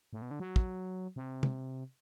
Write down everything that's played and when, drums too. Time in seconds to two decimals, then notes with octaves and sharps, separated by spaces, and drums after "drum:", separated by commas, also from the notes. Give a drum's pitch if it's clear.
0.13 A2
0.22 B2
0.31 D3
0.40 F#3
0.56 drum: kick
1.16 C3
1.43 drum: tom